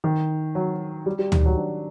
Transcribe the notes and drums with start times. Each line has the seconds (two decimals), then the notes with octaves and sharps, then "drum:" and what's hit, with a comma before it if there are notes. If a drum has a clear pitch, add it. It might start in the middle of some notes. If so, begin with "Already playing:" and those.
0.04 D#3
0.55 F#3
1.06 G3
1.19 G3
1.32 D#3, drum: tom
1.46 F#3
1.57 D4